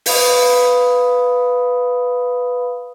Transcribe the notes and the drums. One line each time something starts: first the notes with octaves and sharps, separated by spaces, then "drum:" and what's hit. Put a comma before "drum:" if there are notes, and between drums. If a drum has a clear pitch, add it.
B4 F5 B5 D#6, drum: open hi-hat